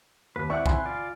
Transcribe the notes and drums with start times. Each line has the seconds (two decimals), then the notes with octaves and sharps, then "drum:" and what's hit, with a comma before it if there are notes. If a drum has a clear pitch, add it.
0.36 D#2 B4
0.50 C4 E4 D5 E5 F#5 C#6
0.66 G#5 B5 C6, drum: kick
0.86 F4 D5